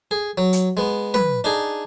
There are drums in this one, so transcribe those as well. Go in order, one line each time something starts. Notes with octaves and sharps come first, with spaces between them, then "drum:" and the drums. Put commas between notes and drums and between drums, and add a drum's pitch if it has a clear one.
G#4
F#3
drum: hi-hat
G#3 B3
B4, drum: tom
D4 D#4 G#4